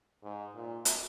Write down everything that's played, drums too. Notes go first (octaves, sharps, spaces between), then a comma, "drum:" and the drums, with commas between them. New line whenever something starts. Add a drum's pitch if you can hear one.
G#2
A#2
drum: hi-hat